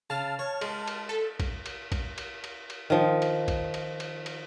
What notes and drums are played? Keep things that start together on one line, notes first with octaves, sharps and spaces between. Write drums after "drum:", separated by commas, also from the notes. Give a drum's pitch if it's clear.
C#3 A5 F6
C#5
G#3, drum: cymbal
drum: cymbal
A4
drum: kick A#1, cymbal
drum: cymbal
drum: kick A#1, cymbal
drum: cymbal
drum: cymbal
drum: cymbal
D#3 F3
drum: cymbal
drum: kick A#1, cymbal
drum: cymbal
drum: cymbal
drum: cymbal